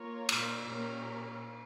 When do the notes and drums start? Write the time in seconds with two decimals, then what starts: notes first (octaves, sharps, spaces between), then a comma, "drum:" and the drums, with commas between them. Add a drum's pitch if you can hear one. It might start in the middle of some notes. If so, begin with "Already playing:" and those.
Already playing: A#3 F4 A#4 C#5
0.29 A#2, drum: cymbal
0.68 A#2 C#4 G4 A#4